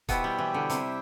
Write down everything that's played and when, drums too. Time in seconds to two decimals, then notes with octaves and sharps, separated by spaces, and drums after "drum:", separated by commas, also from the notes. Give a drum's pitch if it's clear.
0.09 B2 B3 E4 G4 C5 E5 G5, drum: kick, hi-hat
0.24 G3
0.39 E3
0.54 D3
0.70 C3, drum: hi-hat